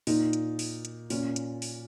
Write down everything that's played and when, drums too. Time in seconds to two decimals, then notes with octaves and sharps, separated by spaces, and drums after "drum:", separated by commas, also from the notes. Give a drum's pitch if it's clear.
0.07 A#2 D#4, drum: open hi-hat
0.33 drum: hi-hat
0.59 drum: open hi-hat
0.85 drum: hi-hat
1.10 A#2 C#4, drum: open hi-hat
1.36 drum: hi-hat
1.62 drum: open hi-hat